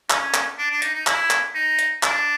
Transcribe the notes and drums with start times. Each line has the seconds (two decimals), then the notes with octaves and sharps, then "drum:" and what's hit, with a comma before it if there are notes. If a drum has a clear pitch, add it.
0.10 C#4, drum: clap
0.34 drum: clap
0.58 D4
0.71 D4
0.82 D#4, drum: hi-hat
0.94 D#4
1.07 E4, drum: clap
1.30 drum: clap
1.55 D#4
1.79 drum: hi-hat
2.03 D4, drum: clap